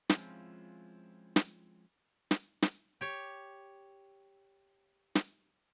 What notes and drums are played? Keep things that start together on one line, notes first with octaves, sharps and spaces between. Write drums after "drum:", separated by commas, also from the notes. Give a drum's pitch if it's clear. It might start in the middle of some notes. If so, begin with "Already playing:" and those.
F3 G#3 C4 C#4 E4 F4, drum: snare
drum: snare
drum: snare
drum: snare
G4 C#5
drum: snare